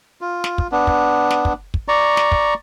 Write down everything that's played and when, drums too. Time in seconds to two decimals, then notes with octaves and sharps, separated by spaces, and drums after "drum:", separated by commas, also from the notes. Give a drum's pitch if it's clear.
0.21 F4
0.44 drum: snare
0.58 drum: kick
0.72 B3 D4
0.87 drum: kick
1.30 drum: snare
1.45 drum: kick
1.74 drum: kick
1.88 D5 A#5 C#6
2.17 drum: snare
2.32 drum: kick